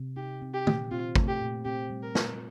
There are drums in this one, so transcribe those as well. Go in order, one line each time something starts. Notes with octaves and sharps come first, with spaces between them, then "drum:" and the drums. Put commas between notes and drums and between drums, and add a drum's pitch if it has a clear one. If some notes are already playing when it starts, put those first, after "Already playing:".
Already playing: C3
D#4 G4
C4
G4
A#2, drum: tom
C4 F4
A3, drum: kick
G4
A#2
C4 G4
G3
A#4
A#4, drum: snare